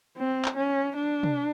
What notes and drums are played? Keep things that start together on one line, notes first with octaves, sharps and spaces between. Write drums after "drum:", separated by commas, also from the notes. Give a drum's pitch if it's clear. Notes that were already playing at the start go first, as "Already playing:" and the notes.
C4
drum: clap
C#4
D4
drum: tom